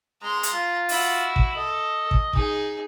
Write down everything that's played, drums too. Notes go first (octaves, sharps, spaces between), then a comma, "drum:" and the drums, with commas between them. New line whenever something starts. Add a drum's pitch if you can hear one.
G#3 A#5 C6
drum: hi-hat
F4
E4 F#4, drum: open hi-hat
drum: kick
A4 D#5
drum: kick
D#4 G#4, drum: kick